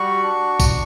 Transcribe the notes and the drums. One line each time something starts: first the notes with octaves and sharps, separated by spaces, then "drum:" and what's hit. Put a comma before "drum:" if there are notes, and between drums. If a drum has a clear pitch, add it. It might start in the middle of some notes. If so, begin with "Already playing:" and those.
Already playing: G3 F#4 C#6
D4
drum: kick, tambourine